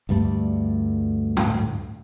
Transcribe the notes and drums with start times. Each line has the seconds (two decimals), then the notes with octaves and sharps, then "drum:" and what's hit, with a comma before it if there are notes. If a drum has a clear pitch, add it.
0.09 D2 G2 G3 A3
1.37 drum: tom A2